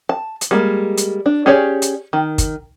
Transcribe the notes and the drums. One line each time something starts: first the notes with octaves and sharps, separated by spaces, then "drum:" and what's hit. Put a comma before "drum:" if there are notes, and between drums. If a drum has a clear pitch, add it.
A5
drum: hi-hat
G3 G#3 A#3
drum: hi-hat
D4
C#4 G4 G#4 C#5 D5
drum: hi-hat
D#3
drum: kick, hi-hat